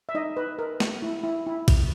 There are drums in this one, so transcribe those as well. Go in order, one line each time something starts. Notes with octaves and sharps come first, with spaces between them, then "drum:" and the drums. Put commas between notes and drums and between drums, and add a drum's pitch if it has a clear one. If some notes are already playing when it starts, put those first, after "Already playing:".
E5
D#4 D#5
B4
A#4
drum: snare
E4
E4
E4
drum: kick, cymbal